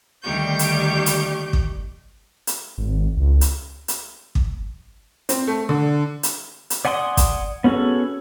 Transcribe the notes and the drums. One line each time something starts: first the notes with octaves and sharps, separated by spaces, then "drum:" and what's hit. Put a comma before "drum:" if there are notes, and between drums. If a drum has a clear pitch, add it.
D2 D#3 G3 G4 C#6 G6
drum: hi-hat
drum: hi-hat
drum: kick
drum: hi-hat
G#1
C#2
drum: hi-hat
drum: hi-hat
drum: kick
C4, drum: hi-hat
A3
D3
drum: hi-hat
drum: hi-hat
D5 F#5 G#5 C6 D#6
drum: kick, hi-hat
B3 C#4 F#4 G#4 A4